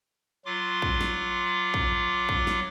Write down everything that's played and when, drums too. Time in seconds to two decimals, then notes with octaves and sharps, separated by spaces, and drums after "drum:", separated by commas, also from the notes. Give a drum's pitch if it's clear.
0.46 F#3 F4 C6 D6
0.82 drum: kick
1.01 drum: snare
1.74 drum: kick
2.29 drum: kick
2.47 drum: snare